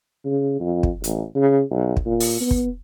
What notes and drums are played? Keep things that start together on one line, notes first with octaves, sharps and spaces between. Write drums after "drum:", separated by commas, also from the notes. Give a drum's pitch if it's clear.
C#3
F2
drum: kick
A1, drum: hi-hat
C#3
B1
drum: kick
A#2
drum: open hi-hat
B3
drum: kick